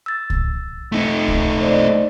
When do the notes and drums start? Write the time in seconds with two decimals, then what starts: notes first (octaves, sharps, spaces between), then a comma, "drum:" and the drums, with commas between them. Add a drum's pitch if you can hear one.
0.06 E6 A6
0.30 drum: kick C2
0.92 A3 D#4
1.28 drum: kick C2
1.61 C5 D5 D#5